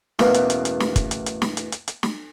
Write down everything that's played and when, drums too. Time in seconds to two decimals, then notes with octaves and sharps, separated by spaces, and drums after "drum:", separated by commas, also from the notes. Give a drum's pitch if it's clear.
0.19 A1 E2 B2 A#3, drum: snare
0.34 drum: hi-hat
0.50 drum: hi-hat
0.65 drum: hi-hat
0.80 drum: snare
0.96 drum: kick, hi-hat
1.11 drum: hi-hat
1.26 drum: hi-hat
1.42 drum: snare
1.57 drum: hi-hat
1.72 drum: hi-hat
1.88 drum: hi-hat
2.03 drum: snare